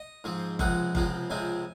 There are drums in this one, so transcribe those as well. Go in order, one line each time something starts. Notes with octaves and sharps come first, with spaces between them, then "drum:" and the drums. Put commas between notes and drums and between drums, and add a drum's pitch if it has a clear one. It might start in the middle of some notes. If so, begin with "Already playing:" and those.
Already playing: D#5
G#2 F3 C4
C#2 C3 F3 G#3 C4 F#5, drum: kick F#1
C#2 C3 F3 G#3 C4, drum: kick F#1
C#2 C3 F3 G#3 C4 G#5